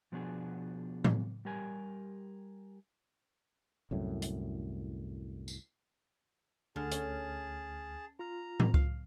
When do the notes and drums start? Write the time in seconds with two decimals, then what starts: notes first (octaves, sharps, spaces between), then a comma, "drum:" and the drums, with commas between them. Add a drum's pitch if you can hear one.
0.12 B2 F3 B3 D4 F#4 G#4
1.04 drum: tom A2
1.45 G3 G4 A#4 G#5
3.91 C2 F#2 A2
4.22 drum: hi-hat
5.48 drum: tambourine
6.76 D2 D3 G#4 A5 F6
6.92 C#4, drum: hi-hat
8.19 F4 A#5 F6
8.60 drum: tom A2
8.74 F5, drum: kick C#2